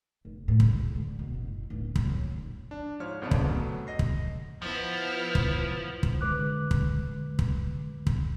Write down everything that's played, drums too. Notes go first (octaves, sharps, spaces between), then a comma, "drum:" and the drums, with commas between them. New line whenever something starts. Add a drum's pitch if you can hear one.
F1
A2
drum: kick
G#3
D3
B2
F#1
E4
D1
D2, drum: kick
F#3
D#1
D4
G#2 F3 C#5 F6
G1 C#3 B3 C4 D4 D5
drum: kick
F#3 A3 B3
D#5 A#6 C7
drum: kick
F3 B3 E4
drum: kick
drum: kick
D3 G#3 B4 D6 F#6
drum: kick
drum: kick
drum: kick